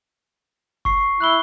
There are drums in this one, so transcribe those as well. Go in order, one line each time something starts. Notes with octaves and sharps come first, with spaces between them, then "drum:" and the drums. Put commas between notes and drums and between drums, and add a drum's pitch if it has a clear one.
C#6 C7, drum: kick F1
E4 F#6 F#7 G7